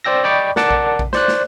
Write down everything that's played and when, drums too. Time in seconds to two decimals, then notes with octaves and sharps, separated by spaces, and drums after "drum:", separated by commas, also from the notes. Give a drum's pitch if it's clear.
0.04 C5 D5 G5 E6 A#6
0.24 D5 D#5 G5 B5 C#6 D6
0.56 A#4 D5 F#5 A5 D6, drum: snare
0.71 drum: kick A#1
0.99 drum: kick A#1
1.13 C5 D5 F#6, drum: snare
1.28 drum: snare